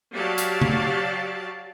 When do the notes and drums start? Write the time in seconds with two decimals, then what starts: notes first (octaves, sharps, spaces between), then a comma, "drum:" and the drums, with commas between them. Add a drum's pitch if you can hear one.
0.13 F#3 F#4 G4 D5 F5 A5
0.38 drum: hi-hat
0.62 drum: tom C#3